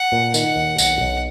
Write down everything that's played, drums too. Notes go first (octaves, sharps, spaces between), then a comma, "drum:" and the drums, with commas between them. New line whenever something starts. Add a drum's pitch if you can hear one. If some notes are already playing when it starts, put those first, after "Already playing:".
Already playing: F#5
A#2
D#3 F#5, drum: tambourine
D#2
B1 F#5, drum: tambourine
B1